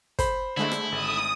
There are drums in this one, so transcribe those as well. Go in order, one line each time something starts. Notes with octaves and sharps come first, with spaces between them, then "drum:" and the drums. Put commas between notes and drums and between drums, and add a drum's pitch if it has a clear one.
C5 B5, drum: kick, hi-hat
D3 G#3 A3 E4
drum: rim click
G#1 D#6